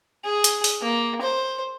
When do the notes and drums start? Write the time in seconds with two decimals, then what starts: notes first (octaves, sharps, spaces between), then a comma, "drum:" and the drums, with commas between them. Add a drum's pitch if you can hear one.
0.24 G#4
0.44 drum: hi-hat
0.64 drum: open hi-hat
0.81 A#3
1.21 C5